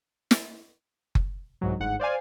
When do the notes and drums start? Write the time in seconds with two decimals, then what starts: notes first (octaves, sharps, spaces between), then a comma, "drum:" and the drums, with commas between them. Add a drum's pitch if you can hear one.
0.31 drum: snare
1.15 drum: kick F#1
1.61 C2 G#2 F#3
1.80 G1 G#2 F#5
2.00 C5 D5 F5 G#5